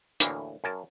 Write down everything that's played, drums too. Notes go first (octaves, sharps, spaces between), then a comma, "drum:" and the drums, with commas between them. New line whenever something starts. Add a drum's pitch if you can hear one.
D2 A2 E3 A#3, drum: hi-hat
F#2 A#4 G#5 A5